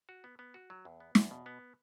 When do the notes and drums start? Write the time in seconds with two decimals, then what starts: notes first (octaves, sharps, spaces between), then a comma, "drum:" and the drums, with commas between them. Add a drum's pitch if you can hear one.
0.09 F#4
0.24 B3
0.39 B3
0.54 F#4
0.70 F#3
0.85 E2
1.00 B3
1.15 E2, drum: snare
1.31 B2
1.46 B3